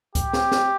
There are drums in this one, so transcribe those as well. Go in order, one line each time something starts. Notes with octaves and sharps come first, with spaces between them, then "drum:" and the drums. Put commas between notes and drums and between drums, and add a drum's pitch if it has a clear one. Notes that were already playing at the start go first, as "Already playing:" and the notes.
G4, drum: kick C#2, hi-hat
drum: snare
drum: snare